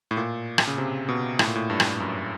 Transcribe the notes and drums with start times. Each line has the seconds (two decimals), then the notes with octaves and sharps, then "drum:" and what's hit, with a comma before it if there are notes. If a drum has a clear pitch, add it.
0.11 A2
0.17 A#2
0.58 drum: rim click
0.67 C#3
0.78 C3
1.09 B2
1.39 A2, drum: rim click
1.48 A#2
1.55 A2
1.70 G2
1.80 drum: rim click
2.00 F#2